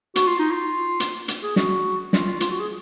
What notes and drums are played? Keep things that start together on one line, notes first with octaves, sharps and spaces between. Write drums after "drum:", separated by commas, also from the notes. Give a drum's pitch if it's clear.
F#4, drum: hi-hat
F4
D#4
F4
drum: hi-hat
drum: hi-hat
G#4
F#4, drum: snare
F4, drum: snare
F4
F4, drum: hi-hat
F#4
G#4